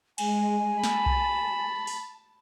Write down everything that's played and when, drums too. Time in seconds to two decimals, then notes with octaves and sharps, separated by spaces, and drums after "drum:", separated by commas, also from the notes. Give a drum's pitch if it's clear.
0.18 G#3 G#5, drum: cymbal
0.84 A5 B5, drum: snare
1.06 drum: kick B1
1.87 drum: open hi-hat